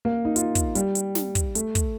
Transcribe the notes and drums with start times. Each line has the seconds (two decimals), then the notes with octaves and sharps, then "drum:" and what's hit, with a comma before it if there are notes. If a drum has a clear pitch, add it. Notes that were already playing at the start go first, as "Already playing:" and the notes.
0.05 A#3
0.25 D#4
0.36 F4, drum: hi-hat
0.55 drum: kick, hi-hat
0.75 G3, drum: hi-hat
0.95 drum: hi-hat
1.15 drum: snare
1.35 drum: kick, hi-hat
1.55 A3, drum: hi-hat
1.75 drum: kick, hi-hat